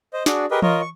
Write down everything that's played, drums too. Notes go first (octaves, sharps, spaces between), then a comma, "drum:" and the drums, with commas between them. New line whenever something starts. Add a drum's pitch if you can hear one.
C5 D#5
D4 F#4 G#4 D5, drum: snare
G4 G#4 A#4 B4 D#5
F4 A#4 C#5 D#5, drum: tom E3
C#6